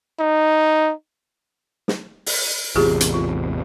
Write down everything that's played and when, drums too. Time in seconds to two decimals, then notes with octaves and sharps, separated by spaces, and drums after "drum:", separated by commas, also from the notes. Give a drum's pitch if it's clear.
0.20 D#4
1.88 drum: snare
2.26 drum: open hi-hat
2.76 A1 E2 C3 F4 G4 G#4
3.00 drum: hi-hat
3.14 F4